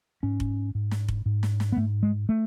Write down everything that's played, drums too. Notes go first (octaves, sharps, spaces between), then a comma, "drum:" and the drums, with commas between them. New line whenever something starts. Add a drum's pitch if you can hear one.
G#2 C#4
drum: kick F1
G#2
drum: snare
drum: kick F1
G#2
drum: snare
drum: snare
B3
G#2 A3
G#3
A3